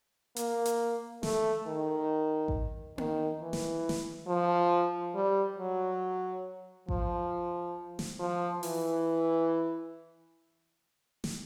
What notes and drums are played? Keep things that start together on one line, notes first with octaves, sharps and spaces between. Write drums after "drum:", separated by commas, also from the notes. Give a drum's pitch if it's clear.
A#3, drum: hi-hat
drum: hi-hat
A3, drum: snare
D#3
drum: kick A1
D#3, drum: tom A#3
E3
drum: snare
drum: snare
F3
G3
F#3
F3, drum: kick A1
drum: snare
F3
E3, drum: open hi-hat
drum: snare